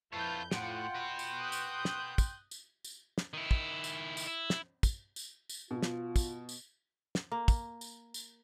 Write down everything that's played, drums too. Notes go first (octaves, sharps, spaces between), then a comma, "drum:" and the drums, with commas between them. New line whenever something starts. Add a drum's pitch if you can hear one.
F2 E4 F4 B4 C#5 A5 G6
A2 F4 F#5 G5 C6, drum: snare
F#4 B4
drum: tambourine
D#6 F#6 G6
drum: tambourine
drum: snare
drum: kick, tambourine
drum: tambourine
drum: tambourine
drum: snare
D#3 E4
drum: kick
drum: tambourine
drum: tambourine
E4
drum: snare
drum: kick, tambourine
drum: tambourine
drum: tambourine
B2 F4
drum: snare
drum: kick, tambourine
drum: tambourine
drum: snare
A#3
drum: kick, tambourine
drum: tambourine
drum: tambourine